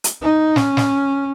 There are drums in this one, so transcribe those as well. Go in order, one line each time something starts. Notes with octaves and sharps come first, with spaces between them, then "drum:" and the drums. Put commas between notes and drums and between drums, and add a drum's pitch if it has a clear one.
drum: hi-hat
D#4
C#4, drum: snare
drum: snare